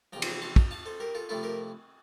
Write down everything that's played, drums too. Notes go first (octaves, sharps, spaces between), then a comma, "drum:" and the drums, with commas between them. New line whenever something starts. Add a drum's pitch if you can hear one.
E2 C3 F3 G5 A#5
C6, drum: cymbal
G5 A#5
A5 C6
G5 A#5, drum: kick
F5 A5
A4 C5
G4 A#4
F4 A4
C3 F3 A3 E4 F4 A4
G4 A#4